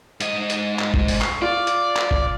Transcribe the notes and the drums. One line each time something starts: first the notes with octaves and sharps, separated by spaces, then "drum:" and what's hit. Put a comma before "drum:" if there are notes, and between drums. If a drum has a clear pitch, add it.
G#2 D#5, drum: hi-hat
drum: hi-hat
drum: clap
drum: kick
drum: open hi-hat
C#6 C7, drum: clap
F4 D5
drum: hi-hat
drum: clap
drum: kick